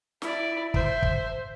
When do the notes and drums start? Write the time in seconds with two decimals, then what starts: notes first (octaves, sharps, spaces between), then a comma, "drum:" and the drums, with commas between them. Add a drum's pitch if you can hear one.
0.22 E4 D5, drum: snare
0.74 C5 E5, drum: kick
1.02 drum: kick